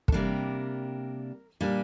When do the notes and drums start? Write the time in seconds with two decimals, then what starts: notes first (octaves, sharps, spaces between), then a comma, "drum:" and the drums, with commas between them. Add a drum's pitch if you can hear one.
0.08 A4, drum: kick
0.12 C3 G3 A#3 D4 A#4
1.61 A#2 G3 A#3 D4